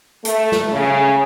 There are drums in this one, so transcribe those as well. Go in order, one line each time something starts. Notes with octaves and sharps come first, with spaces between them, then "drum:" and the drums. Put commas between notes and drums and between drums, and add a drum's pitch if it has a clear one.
A3, drum: hi-hat
drum: snare
C#3